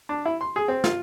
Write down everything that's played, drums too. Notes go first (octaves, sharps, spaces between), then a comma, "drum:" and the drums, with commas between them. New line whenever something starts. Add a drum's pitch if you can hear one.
D4
E4
C6
G#4
C4
F4, drum: snare